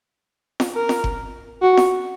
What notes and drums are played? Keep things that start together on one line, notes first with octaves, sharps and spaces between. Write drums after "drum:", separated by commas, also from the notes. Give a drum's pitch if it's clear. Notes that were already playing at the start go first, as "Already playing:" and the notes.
drum: snare F4
A#4
drum: snare F4
drum: kick F#1
F#4
drum: snare F4